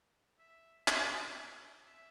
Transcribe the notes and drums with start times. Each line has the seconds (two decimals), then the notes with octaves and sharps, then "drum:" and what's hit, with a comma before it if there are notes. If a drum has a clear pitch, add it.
0.39 E5
0.88 E5, drum: clap
1.86 E5